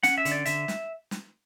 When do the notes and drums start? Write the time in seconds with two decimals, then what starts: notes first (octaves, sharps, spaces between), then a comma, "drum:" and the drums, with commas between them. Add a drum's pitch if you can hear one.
0.03 C#4 F#5, drum: hi-hat
0.18 E5
0.25 D3, drum: hi-hat
0.32 D5
0.46 D3 E5, drum: hi-hat
0.68 drum: snare
1.11 drum: snare